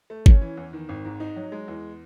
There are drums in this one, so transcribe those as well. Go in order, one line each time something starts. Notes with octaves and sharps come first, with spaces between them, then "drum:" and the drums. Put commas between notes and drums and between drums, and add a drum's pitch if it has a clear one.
A3
C#4, drum: kick G1
E3
E2
D#3
G#1
G#2
D#4
F#3
G#3
E2